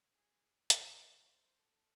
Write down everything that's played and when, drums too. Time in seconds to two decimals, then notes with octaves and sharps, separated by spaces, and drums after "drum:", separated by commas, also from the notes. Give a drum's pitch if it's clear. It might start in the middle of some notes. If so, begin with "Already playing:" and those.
0.16 G#4
0.70 drum: hi-hat
1.03 C#5
1.31 C5
1.59 A4